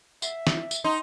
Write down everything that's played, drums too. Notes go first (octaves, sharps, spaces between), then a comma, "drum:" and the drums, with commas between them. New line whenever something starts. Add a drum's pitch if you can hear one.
E5 F#5, drum: tambourine
drum: snare
drum: tambourine
D#4 G5 A#5 C6